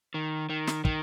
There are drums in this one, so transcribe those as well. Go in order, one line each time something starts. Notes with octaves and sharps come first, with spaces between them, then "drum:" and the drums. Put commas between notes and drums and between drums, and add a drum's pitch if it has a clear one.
D#3
D#3
drum: snare
D#3, drum: kick